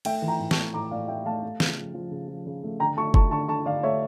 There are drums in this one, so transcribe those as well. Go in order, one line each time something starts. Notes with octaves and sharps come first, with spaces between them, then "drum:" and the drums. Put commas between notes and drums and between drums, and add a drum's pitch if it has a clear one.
A3 E5 G5, drum: cymbal
E3
G5 A#5
A2
A5 C#6, drum: snare
A3
A2 A#5 D6
A2 D5 F5
A3 E5 G5
A3 F5 A5
A3
C#3, drum: snare
F3
F3
C#3
F3
C#3
A3
D3 G5 A#5
A3 A5 C#6
A3 A5 C#6, drum: kick F#1
D3 A5 C#6
D3 A5 C#6
D3 D5 F5
A3 C#5 E5